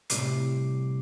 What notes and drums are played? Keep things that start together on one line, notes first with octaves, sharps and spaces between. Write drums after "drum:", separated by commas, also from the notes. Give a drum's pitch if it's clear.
A2 C3 G3 D6 C7, drum: hi-hat